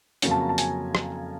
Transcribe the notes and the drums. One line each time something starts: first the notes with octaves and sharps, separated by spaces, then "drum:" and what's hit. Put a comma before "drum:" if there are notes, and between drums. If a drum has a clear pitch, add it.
F2 C#3 F#3 A#3 C#4, drum: hi-hat
A5
A#5
A5
G#5, drum: hi-hat
drum: rim click